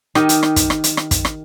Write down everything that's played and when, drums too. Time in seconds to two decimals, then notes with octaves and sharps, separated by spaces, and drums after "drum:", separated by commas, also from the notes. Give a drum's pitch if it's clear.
0.15 D#3 G4 D#5, drum: rim click
0.29 drum: hi-hat
0.43 drum: rim click
0.56 drum: kick, hi-hat
0.70 drum: rim click
0.84 drum: hi-hat
0.97 drum: rim click
1.11 drum: kick, hi-hat
1.25 drum: rim click